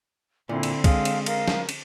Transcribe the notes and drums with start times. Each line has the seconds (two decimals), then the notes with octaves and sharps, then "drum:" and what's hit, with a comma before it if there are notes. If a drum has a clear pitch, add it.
0.49 A#2 D3 C4 E4
0.63 drum: cymbal
0.84 G#3 F5, drum: kick, cymbal
1.05 drum: cymbal
1.26 A#4 F5, drum: cymbal
1.48 drum: snare
1.69 drum: cymbal